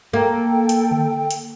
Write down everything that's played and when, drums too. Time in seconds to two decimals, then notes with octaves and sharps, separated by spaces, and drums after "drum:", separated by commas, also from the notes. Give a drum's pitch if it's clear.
0.13 A#3 A4 G5
0.69 drum: hi-hat
0.91 drum: tom D3
1.31 drum: hi-hat